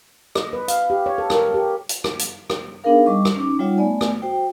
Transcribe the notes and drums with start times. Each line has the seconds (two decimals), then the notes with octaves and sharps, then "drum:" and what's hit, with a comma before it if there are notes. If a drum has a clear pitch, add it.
0.35 D#5, drum: rim click
0.53 B4
0.68 F5, drum: hi-hat
0.90 G4
1.06 C#5
1.18 A4
1.30 A#4, drum: rim click
1.54 G4
1.89 drum: hi-hat
2.04 drum: rim click
2.19 drum: hi-hat
2.50 drum: rim click
2.84 B3 D4 D#4 G#4 A#4 F5
3.06 G3 D#5 C#6 D6
3.25 drum: rim click
3.36 C#4 D#4 D6
3.59 G3 D#4 F4 C#5 E5 F#5
3.78 A3 B3 D5 G#5
4.01 drum: rim click
4.22 F#4 C5 G5